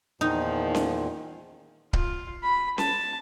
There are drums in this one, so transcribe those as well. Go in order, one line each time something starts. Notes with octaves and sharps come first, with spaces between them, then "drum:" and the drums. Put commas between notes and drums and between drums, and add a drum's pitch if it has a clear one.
E2 A#2 D#3 F3 D#4
drum: snare C#4
F4, drum: kick C#1
B5
A5, drum: snare C#4